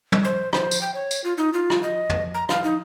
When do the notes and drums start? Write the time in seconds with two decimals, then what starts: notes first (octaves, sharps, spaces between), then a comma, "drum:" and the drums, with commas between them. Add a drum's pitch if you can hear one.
0.12 drum: tom
0.25 C5
0.53 C5, drum: rim click
0.71 drum: tambourine
0.81 G5
0.94 C#5
1.11 drum: tambourine
1.24 F4
1.38 D#4
1.53 F4
1.70 drum: rim click
1.83 D#5
2.09 drum: tom
2.34 A#5
2.49 F5, drum: rim click
2.64 D#4